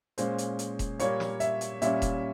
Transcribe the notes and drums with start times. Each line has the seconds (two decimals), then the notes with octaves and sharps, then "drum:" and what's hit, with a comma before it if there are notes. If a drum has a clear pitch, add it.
0.18 A#2 G#3 C#4 C5, drum: hi-hat
0.38 drum: hi-hat
0.59 drum: hi-hat
0.79 drum: kick E1, hi-hat
0.99 A#2 G3 A#3 C#5, drum: hi-hat
1.20 drum: snare
1.40 E5, drum: hi-hat
1.61 drum: hi-hat
1.82 A#2 G3 C#4 E5, drum: hi-hat
2.02 drum: kick E1, hi-hat